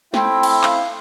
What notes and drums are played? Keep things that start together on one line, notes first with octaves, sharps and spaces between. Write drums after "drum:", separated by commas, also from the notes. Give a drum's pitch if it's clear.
A3 C4 E4 G5, drum: snare
drum: cymbal
F5, drum: clap